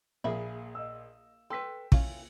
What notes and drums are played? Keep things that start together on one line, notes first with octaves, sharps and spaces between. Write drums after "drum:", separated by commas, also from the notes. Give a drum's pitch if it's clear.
A#1 A#3 G#4 E5 B5
D#5 E6
A4 B4 G5 C6 E6 B6
C#4 E4 F4, drum: kick